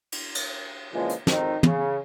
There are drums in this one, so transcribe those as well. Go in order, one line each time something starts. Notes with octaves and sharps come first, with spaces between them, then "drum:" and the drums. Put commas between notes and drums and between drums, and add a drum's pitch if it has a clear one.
drum: cymbal
drum: cymbal
A#2 C#3 E3 F3 G#3
drum: hi-hat
G#1 F2 D#3 C4 D#4, drum: snare
C#3, drum: tom